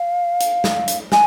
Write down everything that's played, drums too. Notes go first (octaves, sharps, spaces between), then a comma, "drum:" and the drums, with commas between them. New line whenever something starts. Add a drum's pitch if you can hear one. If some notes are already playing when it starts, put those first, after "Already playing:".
Already playing: F5
drum: hi-hat
drum: snare
drum: hi-hat
G#5, drum: snare